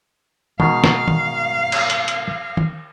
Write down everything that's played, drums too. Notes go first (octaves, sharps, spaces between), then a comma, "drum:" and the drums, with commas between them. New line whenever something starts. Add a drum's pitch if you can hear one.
B2 D#3 G#3 F5, drum: tom
drum: snare
drum: tom
drum: cymbal
drum: hi-hat
drum: hi-hat
drum: tom